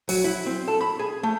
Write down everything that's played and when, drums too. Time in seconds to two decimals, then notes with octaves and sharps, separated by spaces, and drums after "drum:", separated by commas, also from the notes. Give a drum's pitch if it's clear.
0.09 F#3, drum: open hi-hat
0.24 E4
0.46 C4
0.68 A4
0.81 B5
0.99 G#4
1.23 A3